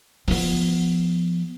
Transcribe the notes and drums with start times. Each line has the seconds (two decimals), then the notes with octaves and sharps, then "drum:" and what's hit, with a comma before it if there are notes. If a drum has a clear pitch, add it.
0.28 F3 B3, drum: open hi-hat